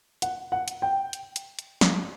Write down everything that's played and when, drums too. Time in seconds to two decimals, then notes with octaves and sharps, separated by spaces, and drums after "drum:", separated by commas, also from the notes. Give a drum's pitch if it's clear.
0.22 F#5, drum: hi-hat
0.52 F#5
0.68 drum: hi-hat
0.82 G5
1.13 drum: hi-hat
1.36 drum: hi-hat
1.59 drum: hi-hat
1.81 drum: snare